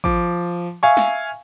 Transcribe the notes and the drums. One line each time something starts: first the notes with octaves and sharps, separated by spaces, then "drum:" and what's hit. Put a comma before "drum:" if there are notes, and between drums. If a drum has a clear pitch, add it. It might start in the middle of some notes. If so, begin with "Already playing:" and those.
F3 D6, drum: kick
E5 F5 G#5 C#6
drum: snare